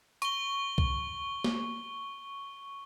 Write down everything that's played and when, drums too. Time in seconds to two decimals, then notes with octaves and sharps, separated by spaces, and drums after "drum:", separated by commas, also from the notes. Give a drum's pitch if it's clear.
0.22 C#6 G7, drum: hi-hat
0.78 drum: kick C2
1.44 drum: snare A#3